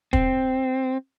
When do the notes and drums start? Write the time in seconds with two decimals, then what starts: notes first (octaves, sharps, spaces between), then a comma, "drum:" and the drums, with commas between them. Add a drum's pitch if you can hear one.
0.13 C4, drum: kick